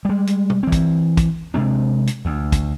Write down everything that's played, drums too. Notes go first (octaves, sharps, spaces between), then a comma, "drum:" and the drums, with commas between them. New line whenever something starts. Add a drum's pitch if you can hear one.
G3 G#3
drum: hi-hat
drum: tom
E3 C4
drum: kick, hi-hat
drum: kick, hi-hat
C3 G#3 C4 D4
drum: hi-hat
D2
drum: kick, hi-hat